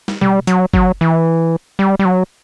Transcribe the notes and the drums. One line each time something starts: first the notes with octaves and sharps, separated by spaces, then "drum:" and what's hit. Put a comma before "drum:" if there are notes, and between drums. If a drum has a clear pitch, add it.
drum: snare
G3, drum: tom B2
F#3, drum: hi-hat
F#3, drum: kick
E3
G3
G3
F#3